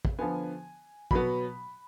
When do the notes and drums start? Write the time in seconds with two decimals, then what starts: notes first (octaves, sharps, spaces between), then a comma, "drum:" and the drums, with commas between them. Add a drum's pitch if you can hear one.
0.05 drum: kick
0.19 D3 F3 B3 G#5
1.11 B2 F#3 B3 B5, drum: kick